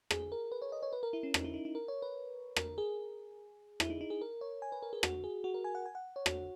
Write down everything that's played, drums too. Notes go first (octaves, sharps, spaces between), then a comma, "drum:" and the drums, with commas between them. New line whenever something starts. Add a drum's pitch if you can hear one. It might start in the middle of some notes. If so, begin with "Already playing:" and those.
G#4, drum: rim click
A#4
B4
C#5
D#5
C#5
B4
A#4
E4
C#4
D#4, drum: rim click
E4
D#4
D#4
A#4
C#5
B4
A#4, drum: rim click
G#4
E4, drum: rim click
D#4
D#4
G#4
A#4
C#5
G#5
B4
A#4
G#4
F#4, drum: rim click
G#4
F#4
A#4
G#5
F#5
G#5
F#5
C#5
F#4, drum: rim click